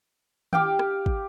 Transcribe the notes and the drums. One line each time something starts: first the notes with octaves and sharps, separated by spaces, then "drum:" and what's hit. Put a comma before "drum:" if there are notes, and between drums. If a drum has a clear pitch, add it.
G4 F5 G5, drum: tom D#3
drum: rim click
drum: kick